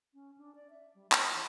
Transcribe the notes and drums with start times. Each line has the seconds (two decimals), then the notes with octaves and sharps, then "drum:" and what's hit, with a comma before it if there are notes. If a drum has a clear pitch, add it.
0.14 C#4
0.38 D4
0.55 D5
0.70 E5
0.95 G3
1.12 C#4, drum: clap
1.34 E3